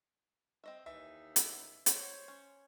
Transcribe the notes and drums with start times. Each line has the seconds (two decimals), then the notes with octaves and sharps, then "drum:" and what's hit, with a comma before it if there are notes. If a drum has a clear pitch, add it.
0.64 C4 D#5 E5
0.86 D#2 E3 D#4 E5
1.36 drum: hi-hat
1.86 C5 C#5, drum: hi-hat
2.28 C#4